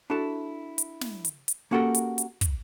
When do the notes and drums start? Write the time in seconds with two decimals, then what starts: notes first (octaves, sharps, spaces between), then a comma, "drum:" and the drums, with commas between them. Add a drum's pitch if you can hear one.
0.10 D4 E4 F#4 A4 A5
0.78 drum: hi-hat
1.01 drum: snare
1.25 drum: hi-hat
1.48 drum: hi-hat
1.71 A#3 C#4 F#4 G4 A4 A#4
1.95 drum: hi-hat
2.18 drum: hi-hat
2.41 drum: kick, hi-hat